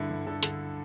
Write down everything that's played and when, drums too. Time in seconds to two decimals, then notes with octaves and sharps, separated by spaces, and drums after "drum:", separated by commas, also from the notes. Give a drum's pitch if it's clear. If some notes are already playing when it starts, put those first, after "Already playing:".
Already playing: G2 D3 E4
0.10 G2
0.26 D3 A4
0.43 D3, drum: hi-hat